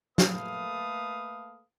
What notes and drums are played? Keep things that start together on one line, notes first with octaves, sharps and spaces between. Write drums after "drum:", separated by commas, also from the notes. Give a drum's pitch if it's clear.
A3 A#3 A4 B4 F5 D#6, drum: snare